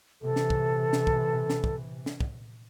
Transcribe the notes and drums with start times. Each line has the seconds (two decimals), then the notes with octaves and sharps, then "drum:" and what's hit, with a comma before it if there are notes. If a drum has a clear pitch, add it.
0.22 C3 E3 A4
0.36 drum: snare
0.50 drum: kick
0.93 drum: snare
1.07 drum: kick
1.50 drum: snare
1.64 drum: kick
2.06 drum: snare
2.20 drum: kick